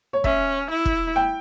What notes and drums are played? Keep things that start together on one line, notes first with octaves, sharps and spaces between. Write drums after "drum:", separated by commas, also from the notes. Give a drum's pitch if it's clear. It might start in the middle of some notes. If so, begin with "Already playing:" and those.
C#5
C#4 E5, drum: kick
E4
drum: kick
G5